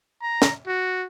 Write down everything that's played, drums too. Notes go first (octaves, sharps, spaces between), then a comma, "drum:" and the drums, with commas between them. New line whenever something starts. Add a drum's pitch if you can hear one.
A#5
drum: snare
F#4